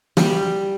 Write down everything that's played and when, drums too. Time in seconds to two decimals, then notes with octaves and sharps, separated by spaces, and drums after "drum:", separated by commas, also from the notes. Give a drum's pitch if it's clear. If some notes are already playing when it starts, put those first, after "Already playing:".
0.17 G3, drum: snare